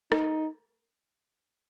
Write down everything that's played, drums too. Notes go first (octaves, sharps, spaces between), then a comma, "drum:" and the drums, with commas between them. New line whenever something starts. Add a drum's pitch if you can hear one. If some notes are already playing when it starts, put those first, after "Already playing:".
D#4, drum: rim click